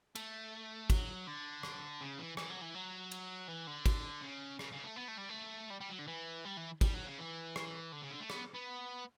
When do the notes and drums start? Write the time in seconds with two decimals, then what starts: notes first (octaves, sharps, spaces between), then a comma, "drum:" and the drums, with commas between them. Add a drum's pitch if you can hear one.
0.15 A3, drum: cymbal
0.90 F#3, drum: kick, cymbal
1.27 D3
1.63 drum: rim click
2.01 C#3
2.19 E3
2.37 E3, drum: rim click
2.50 F#3
2.62 E3
2.75 F#3
3.12 drum: cymbal
3.48 E3
3.67 D3
3.86 drum: kick, cymbal
4.22 C#3
4.59 C#3, drum: rim click
4.72 C#3
4.84 A3
4.96 B3
5.08 A3
5.18 G3
5.29 A3
5.70 G3
5.81 G3
5.89 F#3
5.99 D3
6.07 E3
6.45 G3
6.57 E3
6.81 G3, drum: kick, cymbal
6.94 F#3
7.06 C#3
7.18 E3
7.56 drum: rim click
7.92 D3
8.02 C#3
8.11 D3
8.20 A3
8.30 B3, drum: rim click
8.55 B3